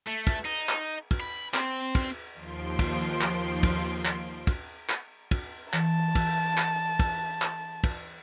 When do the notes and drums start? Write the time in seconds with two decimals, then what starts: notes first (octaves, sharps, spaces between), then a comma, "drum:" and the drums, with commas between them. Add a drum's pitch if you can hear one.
0.07 A3
0.27 drum: kick, cymbal
0.46 D#4
0.69 drum: clap
1.11 drum: kick, cymbal
1.21 B5
1.54 C4, drum: clap
1.95 drum: kick, cymbal
2.34 D#2 F3 C6 D7
2.79 drum: kick, cymbal
3.21 drum: clap
3.63 drum: kick, cymbal
4.05 drum: clap
4.47 drum: kick, cymbal
4.89 drum: clap
5.31 drum: kick, cymbal
5.73 E3 A5, drum: clap
6.15 drum: kick, cymbal
6.57 drum: clap
7.00 drum: kick, cymbal
7.42 drum: clap
7.84 drum: kick, cymbal